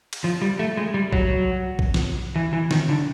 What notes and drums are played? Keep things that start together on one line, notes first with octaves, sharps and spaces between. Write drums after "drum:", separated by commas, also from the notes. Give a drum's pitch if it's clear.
drum: cymbal
F3
G3
A3
G#3
G3
F#3, drum: kick A#1
drum: kick A#1
drum: snare
E3
E3
D#3, drum: snare
D3